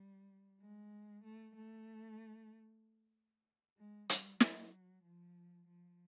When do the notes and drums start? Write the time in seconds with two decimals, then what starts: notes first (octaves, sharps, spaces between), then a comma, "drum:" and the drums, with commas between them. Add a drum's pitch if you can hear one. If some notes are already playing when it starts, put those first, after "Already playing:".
Already playing: G3
0.61 G#3
1.24 A3
1.55 A3
3.78 G#3
4.09 G3, drum: hi-hat
4.40 F#3, drum: snare
5.03 F3
5.67 F3